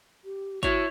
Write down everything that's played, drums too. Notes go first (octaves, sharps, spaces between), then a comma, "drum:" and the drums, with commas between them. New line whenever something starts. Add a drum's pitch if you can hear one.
G4
E4 F#4 C#5, drum: kick, hi-hat